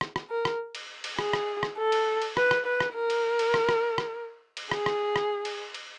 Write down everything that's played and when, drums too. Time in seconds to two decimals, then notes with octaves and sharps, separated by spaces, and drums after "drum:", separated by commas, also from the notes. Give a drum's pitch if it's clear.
0.01 drum: rim click
0.16 drum: rim click
0.30 A#4
0.45 drum: rim click
0.75 drum: cymbal
1.04 drum: cymbal
1.19 G#4, drum: rim click
1.33 drum: rim click
1.63 drum: rim click
1.78 A4
1.92 drum: cymbal
2.22 drum: cymbal
2.37 B4, drum: rim click
2.51 drum: rim click
2.66 B4
2.80 drum: rim click
2.95 A#4
3.10 drum: cymbal
3.39 drum: cymbal
3.54 drum: rim click
3.69 drum: rim click
3.98 drum: rim click
4.57 drum: cymbal
4.71 G#4, drum: rim click
4.86 drum: rim click
5.16 drum: rim click
5.45 drum: cymbal
5.74 drum: cymbal